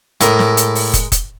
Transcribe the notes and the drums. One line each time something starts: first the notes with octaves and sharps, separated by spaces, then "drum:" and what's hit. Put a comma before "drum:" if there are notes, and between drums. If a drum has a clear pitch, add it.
A2 G#3 A#4, drum: hi-hat
drum: snare
drum: hi-hat
drum: open hi-hat
drum: kick, hi-hat
drum: kick, hi-hat